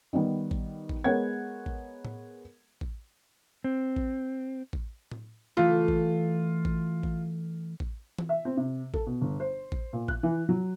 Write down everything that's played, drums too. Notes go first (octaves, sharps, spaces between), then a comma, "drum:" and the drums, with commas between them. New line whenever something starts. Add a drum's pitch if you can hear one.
D#3 G3 B3
drum: kick A1
drum: kick A1
G#3 B3 A#4 C#5 F#5 G#6
drum: kick A1
drum: tom A2
drum: kick A1
C4
drum: kick A1
drum: kick A1
drum: tom A2
E3 A3 F4
drum: kick A1
drum: kick A1
drum: kick A1
drum: kick A1
drum: tom E3
E5
C4
C3
A4, drum: kick A1
B2
G1
C5
drum: kick A1
A#2
F#6, drum: kick A1
E3
F#3